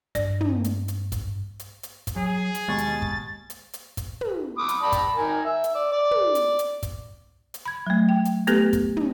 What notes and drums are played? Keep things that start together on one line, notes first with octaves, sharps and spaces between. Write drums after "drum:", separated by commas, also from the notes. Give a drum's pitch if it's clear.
G2 D5, drum: kick, hi-hat
drum: tom
drum: hi-hat
drum: hi-hat
drum: kick, hi-hat
drum: hi-hat
drum: hi-hat
drum: kick, hi-hat
F#3 G#4
drum: hi-hat
D#2 B2 G#3 C#6 A6
drum: hi-hat
drum: kick
drum: hi-hat
drum: hi-hat
drum: kick, hi-hat
drum: tom
B5 D6 D#6
drum: hi-hat
D5 A5 B5
drum: kick, hi-hat
D#3 A#4 G#5
E5
drum: hi-hat
D5
D5
drum: tom
drum: hi-hat
drum: hi-hat
drum: kick, hi-hat
drum: hi-hat
B5 G#6
F#3 A3
G5
drum: hi-hat
A3 B3 G4 A4 B4, drum: hi-hat
drum: kick, hi-hat
drum: tom